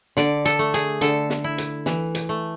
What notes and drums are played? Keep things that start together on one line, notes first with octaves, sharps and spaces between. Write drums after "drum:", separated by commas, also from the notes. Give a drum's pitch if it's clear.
D3 D5, drum: snare
A4, drum: hi-hat
A3
G#4, drum: hi-hat
D3 A4, drum: hi-hat
drum: snare
E4
drum: hi-hat
E3, drum: snare
drum: hi-hat
A3